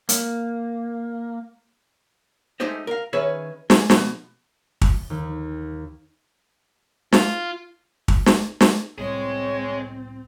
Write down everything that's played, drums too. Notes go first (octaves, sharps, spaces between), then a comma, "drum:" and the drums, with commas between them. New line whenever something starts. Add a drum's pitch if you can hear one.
A#3, drum: hi-hat
G#3 A3 D#4 G4 C5 D#5
A#4 F5
D#3 C#4 G#4 B4 C#5 E5
G#4, drum: snare
B2 F3, drum: snare
drum: kick
D#2
F4, drum: snare
drum: kick
drum: snare
drum: snare
C2 A2 C4 G#4 C#5 D#5